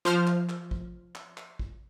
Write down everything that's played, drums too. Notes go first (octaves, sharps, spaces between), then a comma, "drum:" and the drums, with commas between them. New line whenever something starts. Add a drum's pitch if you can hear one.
F3 C5 F6
drum: clap
drum: clap
drum: kick
drum: clap
drum: clap
drum: kick